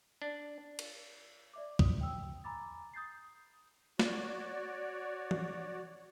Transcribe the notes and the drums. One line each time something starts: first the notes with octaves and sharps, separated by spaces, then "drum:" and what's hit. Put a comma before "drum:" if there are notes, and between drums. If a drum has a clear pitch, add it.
D4
drum: cymbal
D5 E5 D6
D#6, drum: kick
G5 E6
G#5 A#5 B5 D6 A6
D#6 G6 A6 C7
F#4 C#5 D5, drum: snare
drum: tom E3